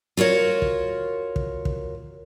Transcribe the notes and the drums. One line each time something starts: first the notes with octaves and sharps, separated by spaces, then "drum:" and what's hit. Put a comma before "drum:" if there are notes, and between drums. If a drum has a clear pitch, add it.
F4 F#4 A#4 C#5
drum: kick
drum: kick
drum: kick